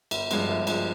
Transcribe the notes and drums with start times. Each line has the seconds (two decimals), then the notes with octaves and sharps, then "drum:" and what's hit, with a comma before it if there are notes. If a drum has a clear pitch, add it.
0.11 G1, drum: cymbal
0.31 G2 F3 G#3, drum: cymbal
0.49 G1
0.67 G2 F3 G#3, drum: cymbal